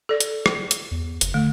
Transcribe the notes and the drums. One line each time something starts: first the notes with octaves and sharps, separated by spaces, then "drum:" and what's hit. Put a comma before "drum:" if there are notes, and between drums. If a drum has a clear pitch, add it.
A4 D5
drum: hi-hat
drum: rim click
drum: hi-hat
E2
F#1, drum: hi-hat
D3 A3